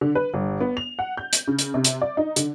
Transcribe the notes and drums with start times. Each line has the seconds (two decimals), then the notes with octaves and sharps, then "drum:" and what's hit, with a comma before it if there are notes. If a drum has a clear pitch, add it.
0.01 D3
0.15 B4
0.34 G1
0.60 B3
0.77 F7
0.99 F#5
1.17 G6
1.33 drum: hi-hat
1.48 C#3
1.59 drum: hi-hat
1.74 C3
1.84 drum: hi-hat
2.02 D5
2.17 D#4
2.36 D3, drum: hi-hat